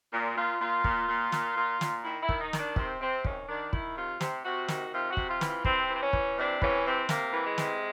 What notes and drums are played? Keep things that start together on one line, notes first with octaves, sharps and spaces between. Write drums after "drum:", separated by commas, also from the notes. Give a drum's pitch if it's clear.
A#2
A#2 F4
A#2 F4
A#2, drum: kick
A#2
A#2, drum: snare
A#2
A#2, drum: snare
D#3 E4
E4
D#3, drum: kick
D#4
D#3, drum: snare
D4
C3 C4, drum: kick
C3 C4
D#3 C#4, drum: kick
D#3 D4
D#3 E4, drum: kick
C3 F4
C3, drum: snare
C3 F#4
D#3 F#4, drum: snare
C3 F4
F#4
C3, drum: kick
F4
E3, drum: snare
F4
C3 C4, drum: kick
E3 C4
C#4
E3, drum: kick
C3 D4
E3 C#4, drum: kick
C3 C4
C3 A#3, drum: snare
E3
G#3
C3, drum: snare